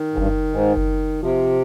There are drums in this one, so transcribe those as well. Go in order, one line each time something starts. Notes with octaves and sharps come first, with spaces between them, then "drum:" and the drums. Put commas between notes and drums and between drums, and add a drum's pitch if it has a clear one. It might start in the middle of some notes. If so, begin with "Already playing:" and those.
Already playing: D#3
G#2
G2, drum: kick F#1
G#2
drum: kick F#1
C3 F3